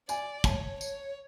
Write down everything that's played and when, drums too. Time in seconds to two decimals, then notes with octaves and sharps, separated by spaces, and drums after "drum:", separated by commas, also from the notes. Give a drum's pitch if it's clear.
0.09 D5 G#5, drum: tambourine
0.44 C#5 A5, drum: kick, tambourine
0.81 C#5, drum: tambourine